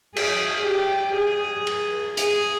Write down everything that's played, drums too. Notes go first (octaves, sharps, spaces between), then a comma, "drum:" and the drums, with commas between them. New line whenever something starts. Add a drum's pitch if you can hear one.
G#4, drum: cymbal
G4
G#4
drum: cymbal
G#4, drum: hi-hat